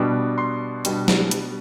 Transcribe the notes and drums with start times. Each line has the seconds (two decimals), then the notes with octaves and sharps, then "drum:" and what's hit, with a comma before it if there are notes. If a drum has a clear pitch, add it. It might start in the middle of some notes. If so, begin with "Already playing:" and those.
Already playing: B2 G3 B3 D4
0.38 C6
0.85 B2 G3 B3 D4, drum: hi-hat
1.08 drum: snare
1.31 drum: hi-hat